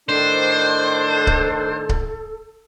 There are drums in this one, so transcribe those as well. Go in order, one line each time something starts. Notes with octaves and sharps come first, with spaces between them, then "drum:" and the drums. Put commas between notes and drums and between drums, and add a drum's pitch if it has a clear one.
A2 D#3 D4 A4 C5
drum: kick C#1
drum: kick C#1